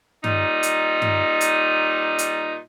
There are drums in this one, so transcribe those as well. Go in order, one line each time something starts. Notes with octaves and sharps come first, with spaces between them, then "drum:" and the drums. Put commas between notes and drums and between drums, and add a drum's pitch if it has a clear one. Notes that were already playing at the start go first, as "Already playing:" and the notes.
A#2 G3 D#4, drum: tom G2
drum: hi-hat
drum: tom G2
drum: hi-hat
drum: hi-hat